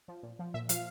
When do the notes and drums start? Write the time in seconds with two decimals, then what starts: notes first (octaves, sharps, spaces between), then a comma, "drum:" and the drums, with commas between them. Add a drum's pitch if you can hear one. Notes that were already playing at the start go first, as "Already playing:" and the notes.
0.08 F3
0.23 A#2
0.39 F3
0.54 A#2 E5
0.69 F3 F5, drum: hi-hat